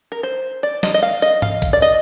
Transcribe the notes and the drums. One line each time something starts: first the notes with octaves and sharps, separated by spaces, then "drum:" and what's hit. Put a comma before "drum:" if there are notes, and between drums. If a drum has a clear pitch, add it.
A#4
C5
D5
D#5, drum: snare
D#5
F5
D#5, drum: hi-hat
F5, drum: tom G#2
drum: kick A#1, hi-hat
D5
D#5